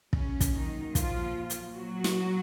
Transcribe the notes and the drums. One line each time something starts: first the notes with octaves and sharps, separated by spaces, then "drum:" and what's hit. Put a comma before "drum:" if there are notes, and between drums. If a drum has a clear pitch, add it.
A#2 C#3 F#3 C#4, drum: kick
drum: kick, hi-hat
D#3 D#4
F3 F4, drum: kick, hi-hat
drum: hi-hat
F#3 F#4
drum: snare